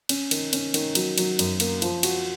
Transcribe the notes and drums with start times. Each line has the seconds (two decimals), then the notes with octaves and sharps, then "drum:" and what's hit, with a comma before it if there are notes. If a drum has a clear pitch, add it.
0.09 C#4, drum: cymbal
0.31 D#3, drum: cymbal
0.53 C#4, drum: cymbal
0.74 D#3, drum: cymbal
0.95 F#3, drum: cymbal
1.18 F#3, drum: cymbal
1.39 F#2, drum: cymbal
1.60 A#3, drum: cymbal
1.82 F3, drum: cymbal
2.03 F#4, drum: cymbal